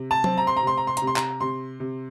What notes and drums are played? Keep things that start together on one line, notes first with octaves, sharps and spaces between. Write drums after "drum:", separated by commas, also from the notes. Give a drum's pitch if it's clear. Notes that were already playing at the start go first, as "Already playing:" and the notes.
Already playing: C3
A5
C4, drum: tom F#3
A#5
C6
A#5
C3 C6
A#5
C6
C3 A#5, drum: hi-hat
C6
A#5, drum: clap
C3 C6
C3